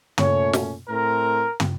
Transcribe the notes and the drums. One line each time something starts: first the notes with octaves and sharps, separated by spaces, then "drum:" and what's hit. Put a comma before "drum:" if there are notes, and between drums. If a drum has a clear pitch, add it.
A#2 A3 C#4 C#5, drum: tom
drum: snare
A2 A3 C4 A#4
drum: tom